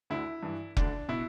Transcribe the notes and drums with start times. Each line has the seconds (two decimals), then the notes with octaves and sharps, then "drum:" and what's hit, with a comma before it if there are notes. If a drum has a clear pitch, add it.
0.10 D2 D3 E4
0.43 G2 E3
0.77 D2 D3 D4, drum: kick F1
1.09 B2 E4